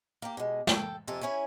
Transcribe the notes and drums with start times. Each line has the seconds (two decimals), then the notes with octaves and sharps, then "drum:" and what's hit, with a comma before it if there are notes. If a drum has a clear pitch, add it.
0.22 A#3 G4
0.37 B2 G#3
0.67 A4 G5, drum: snare
1.07 F2 C3 A#3 F4 A4 G#5
1.21 C#4 E4 C#5 G#5